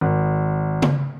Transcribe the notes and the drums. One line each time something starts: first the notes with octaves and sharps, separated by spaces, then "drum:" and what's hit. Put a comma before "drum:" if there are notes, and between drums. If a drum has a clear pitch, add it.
G#1
drum: tom C#3